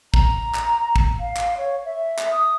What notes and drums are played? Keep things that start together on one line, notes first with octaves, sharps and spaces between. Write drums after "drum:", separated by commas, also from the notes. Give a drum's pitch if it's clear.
A#5, drum: kick
drum: clap
drum: kick
F5
drum: clap
C#5
E5
drum: clap
D#6